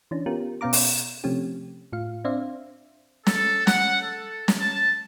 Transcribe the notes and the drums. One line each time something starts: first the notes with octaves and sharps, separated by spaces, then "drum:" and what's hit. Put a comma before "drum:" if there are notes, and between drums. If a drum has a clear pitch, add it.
E3 C#4 D4
B3 C#4 F4 G4 A#4
B2 B3 C#4 F5 A#5 D6
drum: open hi-hat
C3 F3 A3 C4 C#4 G4
A2 F4 F5
C4 D4 C5 D5 E5 F5
A4, drum: snare
F#5, drum: snare
A4
drum: snare
A5